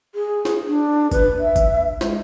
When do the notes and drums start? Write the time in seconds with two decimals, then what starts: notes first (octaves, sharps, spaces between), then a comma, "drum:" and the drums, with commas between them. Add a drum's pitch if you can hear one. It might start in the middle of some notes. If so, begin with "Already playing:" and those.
0.15 G#4
0.45 drum: snare
0.67 D4
1.12 B4, drum: kick G1, tambourine
1.40 E5
1.56 drum: kick G1, tambourine
2.01 G#3, drum: snare